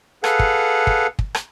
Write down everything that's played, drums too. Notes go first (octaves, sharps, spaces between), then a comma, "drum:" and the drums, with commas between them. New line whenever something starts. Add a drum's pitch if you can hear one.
G#4 A4 B4 F5 F#5, drum: rim click
drum: kick
drum: kick
drum: kick
drum: rim click